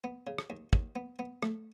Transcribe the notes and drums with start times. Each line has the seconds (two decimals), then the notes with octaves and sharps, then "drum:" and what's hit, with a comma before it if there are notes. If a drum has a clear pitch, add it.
0.04 B3
0.27 C#3
0.38 drum: rim click
0.50 D#2
0.73 D#2, drum: kick
0.96 B3
1.19 B3
1.43 A3, drum: rim click